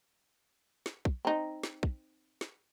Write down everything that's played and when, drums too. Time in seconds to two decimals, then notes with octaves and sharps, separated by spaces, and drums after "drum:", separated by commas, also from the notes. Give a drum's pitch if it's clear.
0.86 drum: snare
1.05 drum: kick
1.25 C4 D#4
1.63 drum: snare
1.83 drum: kick
2.41 drum: snare